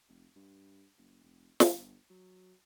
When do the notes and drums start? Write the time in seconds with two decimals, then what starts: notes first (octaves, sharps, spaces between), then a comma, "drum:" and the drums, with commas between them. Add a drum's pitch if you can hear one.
0.09 F1
0.36 G2
0.98 F#1
1.23 F1
1.60 G1, drum: snare
2.10 F#3